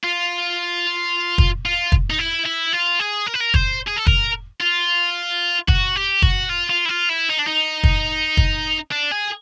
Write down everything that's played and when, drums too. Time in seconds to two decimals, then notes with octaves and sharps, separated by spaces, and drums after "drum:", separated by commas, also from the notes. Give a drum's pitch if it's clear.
0.04 F4
1.38 drum: kick
1.65 F4
1.92 drum: kick
2.10 D#4
2.19 E4
2.46 E4
2.73 F4
3.00 G#4
3.27 A#4
3.34 B4
3.41 A#4
3.54 C5, drum: kick
3.88 G#4
3.98 A4
4.07 A#4, drum: kick
4.61 F4
5.68 F#4, drum: kick
5.96 G4
6.22 F#4, drum: kick
6.49 F4
6.70 F4
6.86 E4
6.89 F4
7.10 E4
7.29 D#4
7.39 D4
7.47 D#4
7.84 drum: kick
8.37 drum: kick
8.92 D4
9.12 G#4